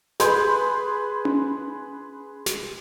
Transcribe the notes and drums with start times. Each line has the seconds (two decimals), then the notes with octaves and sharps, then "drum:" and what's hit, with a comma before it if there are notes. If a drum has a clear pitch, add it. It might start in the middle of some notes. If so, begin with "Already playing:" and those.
0.20 G#4 B4 B5 C6 G6, drum: snare
1.25 drum: tom C#4
2.46 drum: snare